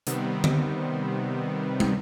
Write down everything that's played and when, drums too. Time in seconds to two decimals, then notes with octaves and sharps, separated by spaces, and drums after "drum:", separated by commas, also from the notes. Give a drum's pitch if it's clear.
0.07 C3 D#3 G3 B3 C4, drum: hi-hat
0.44 drum: tom D3
1.80 drum: tom